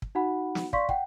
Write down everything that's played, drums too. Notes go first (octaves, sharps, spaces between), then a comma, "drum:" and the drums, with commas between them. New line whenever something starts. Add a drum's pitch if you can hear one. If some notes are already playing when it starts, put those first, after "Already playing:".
drum: kick
D#4 F#4 F#5 B5
drum: snare
D5 F5 C6 C#6 B6, drum: kick
F#5 G5, drum: kick